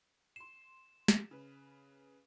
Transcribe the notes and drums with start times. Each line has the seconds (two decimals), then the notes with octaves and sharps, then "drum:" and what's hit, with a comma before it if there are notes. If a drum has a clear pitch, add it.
0.36 C6 C7 E7
1.08 drum: snare
1.31 C#3 B4